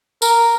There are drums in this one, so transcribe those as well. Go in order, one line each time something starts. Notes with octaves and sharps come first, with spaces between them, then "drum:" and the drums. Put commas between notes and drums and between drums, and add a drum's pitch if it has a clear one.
A#4, drum: tambourine